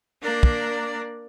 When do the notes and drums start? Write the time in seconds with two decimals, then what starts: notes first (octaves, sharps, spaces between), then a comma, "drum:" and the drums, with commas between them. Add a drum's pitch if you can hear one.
0.22 A#3 D4 A#4 D5
0.43 drum: kick